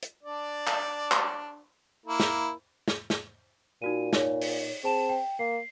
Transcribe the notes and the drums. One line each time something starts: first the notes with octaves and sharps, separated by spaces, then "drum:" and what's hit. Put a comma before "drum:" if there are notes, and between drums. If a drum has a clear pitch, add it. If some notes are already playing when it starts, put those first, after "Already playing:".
drum: hi-hat
D4 D5
drum: clap
drum: clap
A#3 E4
drum: snare
drum: snare
drum: snare
A#2 D#4 F#4 D#7
D#4 C#5, drum: snare
drum: open hi-hat
C4 G#4 A5 E7
G5
A#3 C7